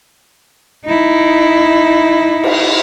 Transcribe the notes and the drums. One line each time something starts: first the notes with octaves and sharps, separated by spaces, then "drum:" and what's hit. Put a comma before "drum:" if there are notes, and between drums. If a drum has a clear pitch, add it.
D#4 E4
drum: cymbal